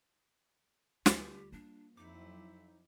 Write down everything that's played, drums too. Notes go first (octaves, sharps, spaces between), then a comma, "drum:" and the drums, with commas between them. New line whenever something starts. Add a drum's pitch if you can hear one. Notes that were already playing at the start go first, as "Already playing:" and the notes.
D2 G3 F4 G4, drum: snare
A#3 D4
F2 F#3 D#4 E4 D6